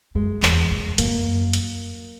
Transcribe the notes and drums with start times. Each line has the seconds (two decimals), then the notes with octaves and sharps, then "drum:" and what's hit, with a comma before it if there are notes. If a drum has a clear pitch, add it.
0.15 F#2 G#3
0.43 E2, drum: clap
0.71 F#2
0.98 F#2 A#3, drum: hi-hat
1.53 drum: hi-hat